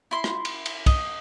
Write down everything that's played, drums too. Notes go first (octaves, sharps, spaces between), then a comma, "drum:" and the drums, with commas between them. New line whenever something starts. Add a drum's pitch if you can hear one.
E4 C6
drum: rim click
drum: cymbal
drum: cymbal
D#5, drum: kick, cymbal